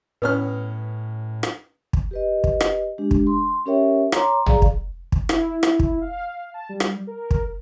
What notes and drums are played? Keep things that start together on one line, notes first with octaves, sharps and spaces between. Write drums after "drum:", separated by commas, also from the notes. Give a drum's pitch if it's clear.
A2 B3 C#4 B4 D#6 F6
drum: rim click
drum: kick
G4 B4 D#5
drum: kick
drum: rim click
G#3 D4 G4
drum: kick
C6
C#4 G4 A#4 C#5 E5 G5
C#5 A#5 C6 D6, drum: rim click
G#4 D5 F5 A#5, drum: tom
drum: kick
drum: kick
E4, drum: rim click
drum: rim click
drum: kick
F5
A5
G3
drum: rim click
A#4
drum: kick